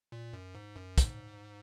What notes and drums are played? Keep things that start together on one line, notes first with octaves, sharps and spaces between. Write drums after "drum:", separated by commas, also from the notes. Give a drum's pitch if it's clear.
A#2
F#2
G#2
F#2
G#2, drum: kick, hi-hat